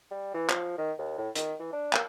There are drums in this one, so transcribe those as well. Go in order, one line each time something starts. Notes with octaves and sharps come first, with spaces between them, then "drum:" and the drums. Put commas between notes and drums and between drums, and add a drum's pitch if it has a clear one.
G3
E3
F3, drum: clap
D#3
D#2
A2
D#3, drum: hi-hat
E3
D4
A#3, drum: clap